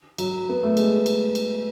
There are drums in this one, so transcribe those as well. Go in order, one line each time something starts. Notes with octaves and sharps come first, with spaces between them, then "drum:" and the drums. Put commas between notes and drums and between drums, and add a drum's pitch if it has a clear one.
F#3, drum: cymbal
B3
A3
G#3, drum: cymbal
drum: cymbal
drum: cymbal